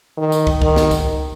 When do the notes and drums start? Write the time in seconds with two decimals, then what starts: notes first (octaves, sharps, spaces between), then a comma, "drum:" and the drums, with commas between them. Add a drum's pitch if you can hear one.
0.17 D#3
0.32 drum: tambourine
0.47 drum: kick
0.62 D#3, drum: kick
0.76 drum: snare
0.91 drum: kick, tambourine